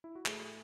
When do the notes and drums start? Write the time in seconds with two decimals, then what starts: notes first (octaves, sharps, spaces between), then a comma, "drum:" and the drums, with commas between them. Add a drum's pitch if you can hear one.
0.04 E4
0.15 F#4
0.26 A2 G#4, drum: clap